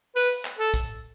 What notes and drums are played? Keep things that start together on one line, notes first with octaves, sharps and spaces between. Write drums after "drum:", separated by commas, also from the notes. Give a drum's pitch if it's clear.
B4, drum: open hi-hat
drum: clap
A4
drum: kick, hi-hat